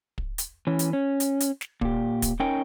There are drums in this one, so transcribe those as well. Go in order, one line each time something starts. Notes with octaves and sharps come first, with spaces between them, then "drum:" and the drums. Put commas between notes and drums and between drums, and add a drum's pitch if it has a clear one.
drum: kick
drum: hi-hat
E3 C#4
drum: hi-hat
C#4
drum: hi-hat
drum: hi-hat
drum: snare
A#2 G4, drum: kick
drum: kick, hi-hat
C#4 D#4 A#4 C#5 G5 G#5